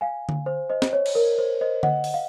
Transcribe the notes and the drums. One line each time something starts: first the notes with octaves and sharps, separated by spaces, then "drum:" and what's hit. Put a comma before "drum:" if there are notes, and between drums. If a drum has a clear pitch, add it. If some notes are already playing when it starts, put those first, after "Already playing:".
F5 G#5
drum: tom D3
C5
C5 D#5
drum: snare
C#5
drum: cymbal
A#4
C5
C5 D#5
D#5 F#5, drum: tom D3
drum: open hi-hat
F5